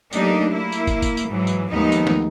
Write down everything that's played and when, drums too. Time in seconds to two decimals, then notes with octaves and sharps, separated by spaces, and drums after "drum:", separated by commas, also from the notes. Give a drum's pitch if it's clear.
0.13 F#3 A3 A#3 D4 D#4 G4, drum: tambourine
0.50 A#3 E4
0.72 drum: tambourine
0.87 drum: kick, tambourine
1.02 drum: kick, tambourine
1.17 drum: tambourine
1.27 G#2 E3 F#3
1.47 drum: tambourine
1.70 D#2 F3 G#3 A3 B3 D#4
1.92 drum: tambourine
2.07 drum: snare